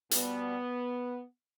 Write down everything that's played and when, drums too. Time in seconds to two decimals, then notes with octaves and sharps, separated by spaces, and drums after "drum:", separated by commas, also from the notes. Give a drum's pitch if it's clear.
0.11 B2 G3 B3, drum: hi-hat